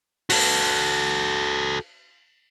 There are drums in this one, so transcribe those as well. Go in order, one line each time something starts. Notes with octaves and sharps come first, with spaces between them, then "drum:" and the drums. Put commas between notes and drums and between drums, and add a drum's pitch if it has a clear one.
F#4 A4, drum: open hi-hat